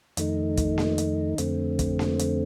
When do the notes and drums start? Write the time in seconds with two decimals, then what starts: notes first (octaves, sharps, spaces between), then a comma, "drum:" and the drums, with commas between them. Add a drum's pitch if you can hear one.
0.17 F2 D#3 A3 D#4, drum: hi-hat
0.57 drum: kick, hi-hat
0.78 drum: snare A#3
0.98 drum: hi-hat
1.38 F2 D3 A3 C4, drum: hi-hat
1.79 drum: kick, hi-hat
1.99 drum: snare A#3
2.19 drum: hi-hat